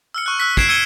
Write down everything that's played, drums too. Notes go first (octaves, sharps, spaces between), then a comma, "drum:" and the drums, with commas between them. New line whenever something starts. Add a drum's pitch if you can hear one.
E6 F6 C#7
C#6 F#6
E6 F#6 B6
G#6 C7 D7 E7, drum: kick
E6 G#6 C7 C#7 D#7 G7